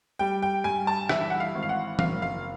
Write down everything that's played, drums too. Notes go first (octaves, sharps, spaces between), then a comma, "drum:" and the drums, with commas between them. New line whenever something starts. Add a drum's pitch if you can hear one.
G3 G5
G5
G2 G#5
A5
E3 E5, drum: rim click
F#5
F5
G#1
F5
F#5
F#1 F5, drum: tom E3
F5